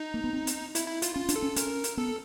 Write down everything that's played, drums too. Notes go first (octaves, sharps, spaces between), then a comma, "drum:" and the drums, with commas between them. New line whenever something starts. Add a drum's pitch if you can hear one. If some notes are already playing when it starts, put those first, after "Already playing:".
Already playing: D#4
A#3
B3
C4
drum: hi-hat
E4, drum: hi-hat
E4
F4, drum: hi-hat
C#4 F4
D4, drum: hi-hat
A4
C#4
C#4 A#4, drum: hi-hat
drum: hi-hat
B3 A4